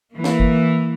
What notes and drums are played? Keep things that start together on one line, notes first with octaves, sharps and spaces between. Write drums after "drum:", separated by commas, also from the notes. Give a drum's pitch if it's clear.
E3 A#3
drum: snare
drum: kick